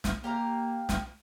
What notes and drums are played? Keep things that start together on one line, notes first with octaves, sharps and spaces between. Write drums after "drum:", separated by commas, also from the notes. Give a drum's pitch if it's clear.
drum: snare
A#3 G4 F5 A#5
drum: snare